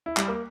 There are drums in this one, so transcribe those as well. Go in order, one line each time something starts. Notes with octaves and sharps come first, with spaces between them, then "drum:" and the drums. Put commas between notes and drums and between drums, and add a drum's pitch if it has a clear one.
E4
G3, drum: clap
A#3